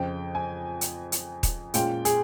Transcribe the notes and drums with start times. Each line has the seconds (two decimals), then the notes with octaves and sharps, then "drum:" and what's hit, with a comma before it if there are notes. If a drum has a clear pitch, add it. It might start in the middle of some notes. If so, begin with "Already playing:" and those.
Already playing: F2 C#3 F3 G5
0.35 G#5
0.81 drum: hi-hat
1.12 drum: hi-hat
1.43 drum: kick D#1, hi-hat
1.74 A#2 G#3 C#4 F4 G5, drum: hi-hat
2.05 G#4, drum: hi-hat